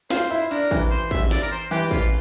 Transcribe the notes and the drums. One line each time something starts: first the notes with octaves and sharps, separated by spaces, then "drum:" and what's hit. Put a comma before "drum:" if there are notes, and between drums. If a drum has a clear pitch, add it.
F4 C5, drum: snare
E4
D4 A#4, drum: open hi-hat
E3, drum: kick
C5
E5, drum: kick
D5, drum: snare
A#4
C5
E3 G4, drum: open hi-hat
F4, drum: kick